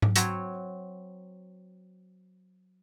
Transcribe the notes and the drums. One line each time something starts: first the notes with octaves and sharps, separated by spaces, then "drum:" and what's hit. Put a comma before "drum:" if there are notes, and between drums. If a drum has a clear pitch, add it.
drum: tom G#2
F#3 C4 F#4 C#5, drum: hi-hat